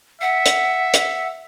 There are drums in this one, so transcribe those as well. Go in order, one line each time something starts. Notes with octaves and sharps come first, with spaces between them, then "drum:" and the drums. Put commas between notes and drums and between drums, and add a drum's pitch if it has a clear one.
E5 F#5
drum: hi-hat
drum: hi-hat